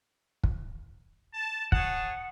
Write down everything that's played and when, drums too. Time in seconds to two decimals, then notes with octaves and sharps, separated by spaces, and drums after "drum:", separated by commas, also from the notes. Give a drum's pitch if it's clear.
0.44 drum: kick
1.33 A5
1.72 G#4 C#5 F#5 A5, drum: kick